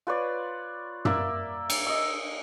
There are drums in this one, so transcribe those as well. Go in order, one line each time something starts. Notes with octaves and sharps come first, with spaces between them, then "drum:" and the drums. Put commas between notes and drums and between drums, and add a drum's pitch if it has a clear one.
F4 B4 C#5 D5
A#3 D5 E5, drum: tom
drum: cymbal
D#5 E6